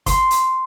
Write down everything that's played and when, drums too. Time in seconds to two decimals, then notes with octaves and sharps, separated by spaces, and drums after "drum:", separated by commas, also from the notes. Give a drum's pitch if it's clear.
0.06 C6, drum: kick G1, hi-hat
0.31 drum: hi-hat